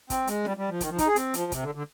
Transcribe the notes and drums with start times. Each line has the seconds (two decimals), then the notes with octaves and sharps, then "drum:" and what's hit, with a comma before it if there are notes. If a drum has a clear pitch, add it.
0.10 C4, drum: kick, hi-hat
0.27 G#3, drum: hi-hat
0.45 G3, drum: snare
0.57 G3
0.69 F3
0.80 D#3, drum: kick, hi-hat
0.90 F3
0.98 D#4, drum: kick, hi-hat
1.07 G#4
1.16 C4, drum: hi-hat
1.34 F3, drum: hi-hat
1.52 C3, drum: kick, hi-hat
1.63 D3
1.75 D3